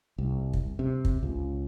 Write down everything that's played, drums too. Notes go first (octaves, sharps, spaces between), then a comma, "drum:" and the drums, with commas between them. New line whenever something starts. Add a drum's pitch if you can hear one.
C2
drum: kick
C3
drum: kick
C#2